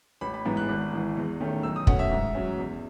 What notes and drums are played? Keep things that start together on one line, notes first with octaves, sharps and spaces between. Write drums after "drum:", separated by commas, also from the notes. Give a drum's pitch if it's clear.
A1 B5
B5
G#2 E3 B3
F#6
G#1
G#2 E3
E2
D#3 A3 C#4
B1 E6
D#6
B2 A3 C#4 F#5, drum: kick
E5
G#2
F#3 C#4
E2